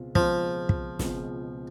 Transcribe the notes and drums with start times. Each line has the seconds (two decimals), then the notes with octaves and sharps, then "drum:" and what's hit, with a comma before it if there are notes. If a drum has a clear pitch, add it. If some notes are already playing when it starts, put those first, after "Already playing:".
Already playing: C#2 B2 G#3 C4 F4
0.15 C#2 B2 F3 G#3 C4 F4, drum: kick
0.69 drum: kick
0.99 C#2 B2 G#3 C4 F4, drum: snare